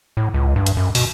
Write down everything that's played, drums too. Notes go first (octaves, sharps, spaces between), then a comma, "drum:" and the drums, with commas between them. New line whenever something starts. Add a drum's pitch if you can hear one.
A2
C#2
G2
drum: hi-hat
F#2
B2, drum: open hi-hat